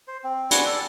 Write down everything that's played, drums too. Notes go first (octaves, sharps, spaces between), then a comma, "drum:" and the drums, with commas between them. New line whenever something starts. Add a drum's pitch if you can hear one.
C5
C4
F#4 B4 D5 G#5, drum: hi-hat
A4